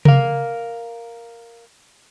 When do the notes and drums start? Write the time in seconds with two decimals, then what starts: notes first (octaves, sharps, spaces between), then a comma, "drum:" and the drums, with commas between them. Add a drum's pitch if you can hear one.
0.05 A#4 F5, drum: tom C3